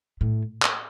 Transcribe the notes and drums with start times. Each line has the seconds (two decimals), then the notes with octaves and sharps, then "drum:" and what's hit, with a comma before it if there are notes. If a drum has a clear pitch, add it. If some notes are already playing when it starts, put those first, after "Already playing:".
0.21 A2
0.63 drum: clap